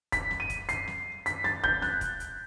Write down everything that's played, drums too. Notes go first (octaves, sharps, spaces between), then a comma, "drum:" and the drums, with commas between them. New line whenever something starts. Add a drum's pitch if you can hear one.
B6, drum: kick E1, hi-hat
drum: snare
D#7
drum: kick E1, hi-hat
C7, drum: hi-hat
drum: snare
B6, drum: hi-hat
A6, drum: snare
G6, drum: kick E1
F#6, drum: snare
drum: kick E1, hi-hat
drum: hi-hat